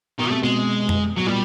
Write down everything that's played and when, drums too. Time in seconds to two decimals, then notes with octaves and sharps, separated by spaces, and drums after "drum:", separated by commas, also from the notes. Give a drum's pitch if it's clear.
0.19 B2 D#3
0.30 C3 A3
0.42 B2 G#3
0.89 drum: tom F2
1.16 B2 F#3
1.26 A#2 G3